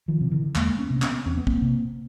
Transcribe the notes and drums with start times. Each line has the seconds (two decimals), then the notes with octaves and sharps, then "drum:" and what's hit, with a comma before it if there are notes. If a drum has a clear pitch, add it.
0.08 D#3 F3
0.21 C3
0.31 D3 E3
0.55 E2 G#3 A#3, drum: clap
0.78 B3 C#4
0.90 C3
0.96 C4
1.02 B3 C#4, drum: clap
1.26 E2 C4
1.37 B3
1.47 A#3 C4, drum: kick
1.62 C3